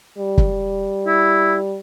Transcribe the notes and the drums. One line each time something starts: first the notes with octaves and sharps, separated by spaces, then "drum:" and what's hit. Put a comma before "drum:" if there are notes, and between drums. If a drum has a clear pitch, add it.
G3
drum: kick
E4